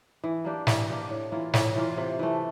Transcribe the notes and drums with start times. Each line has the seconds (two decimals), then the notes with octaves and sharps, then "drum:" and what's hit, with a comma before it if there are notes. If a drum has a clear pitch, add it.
0.24 E3
0.45 A#3 D4 G4
0.67 E3, drum: snare
0.89 A#3 D4 G4
1.11 A2
1.32 E3 A#3 F4
1.54 A2, drum: snare
1.76 E3 A#3 F4
1.97 C3
2.19 E3 A3